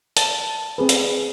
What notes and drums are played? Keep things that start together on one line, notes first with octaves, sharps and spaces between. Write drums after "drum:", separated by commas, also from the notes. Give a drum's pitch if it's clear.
A5, drum: hi-hat
C4 G#4 B4
drum: hi-hat